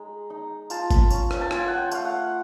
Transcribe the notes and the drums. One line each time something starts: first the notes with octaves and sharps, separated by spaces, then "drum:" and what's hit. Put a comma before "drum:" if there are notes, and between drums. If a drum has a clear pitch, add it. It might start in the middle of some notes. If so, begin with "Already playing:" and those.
Already playing: G#3 D#4 A#5
D#4
F4 A5, drum: tambourine
drum: kick G1, tambourine
C#4, drum: tambourine
drum: rim click
A5
F4 G#5, drum: rim click
F#5
G5
A3 F5, drum: tambourine
F#5